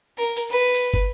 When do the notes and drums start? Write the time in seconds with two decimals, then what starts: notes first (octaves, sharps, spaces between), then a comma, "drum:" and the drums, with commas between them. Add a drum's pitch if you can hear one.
0.18 A#4
0.37 drum: cymbal
0.50 B4
0.75 drum: cymbal
0.94 drum: kick